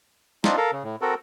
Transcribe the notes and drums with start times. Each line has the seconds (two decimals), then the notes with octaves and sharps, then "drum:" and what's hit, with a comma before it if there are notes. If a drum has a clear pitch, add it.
0.44 C4 D4 D#4 F4, drum: snare
0.57 A4 A#4 F5
0.72 C#3
0.83 A2
1.01 C4 F#4 A4 A#4